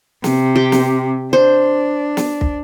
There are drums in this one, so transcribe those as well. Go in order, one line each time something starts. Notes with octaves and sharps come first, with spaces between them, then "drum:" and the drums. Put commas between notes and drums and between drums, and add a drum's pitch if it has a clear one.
C3, drum: snare
G4
drum: snare
D4 C5
drum: snare
drum: kick